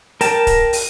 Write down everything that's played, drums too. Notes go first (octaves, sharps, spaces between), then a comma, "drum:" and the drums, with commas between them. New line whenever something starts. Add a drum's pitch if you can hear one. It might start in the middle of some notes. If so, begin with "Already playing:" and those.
A#4 G5 A5, drum: hi-hat
drum: kick C#1, hi-hat
drum: open hi-hat